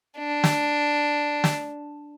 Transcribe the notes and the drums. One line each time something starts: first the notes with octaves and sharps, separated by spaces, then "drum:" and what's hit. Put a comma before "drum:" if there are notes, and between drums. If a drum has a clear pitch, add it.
D4
drum: snare
drum: snare